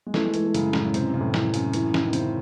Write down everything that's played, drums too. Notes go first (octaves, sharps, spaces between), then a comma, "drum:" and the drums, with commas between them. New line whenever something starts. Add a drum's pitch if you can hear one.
G#3
E3 A3, drum: snare
G#3
E3 A3, drum: hi-hat
A3
F#2 C#3, drum: hi-hat
F#2 A2, drum: snare
C3 C4, drum: hi-hat
C3
F#2
A2
E3, drum: snare
F#2, drum: hi-hat
E3, drum: hi-hat
E3, drum: snare
D#3
C#3 C4, drum: hi-hat